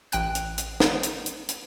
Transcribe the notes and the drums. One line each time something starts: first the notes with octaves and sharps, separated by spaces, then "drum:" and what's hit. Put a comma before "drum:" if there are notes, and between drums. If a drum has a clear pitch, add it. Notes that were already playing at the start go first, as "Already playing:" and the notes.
A1 G5 F#6, drum: hi-hat
drum: hi-hat
drum: hi-hat
drum: snare
drum: hi-hat
drum: hi-hat
drum: hi-hat